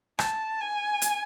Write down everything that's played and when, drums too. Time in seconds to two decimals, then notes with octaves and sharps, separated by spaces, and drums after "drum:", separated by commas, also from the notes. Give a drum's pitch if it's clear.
0.19 A5, drum: rim click
0.61 G#5
1.02 drum: hi-hat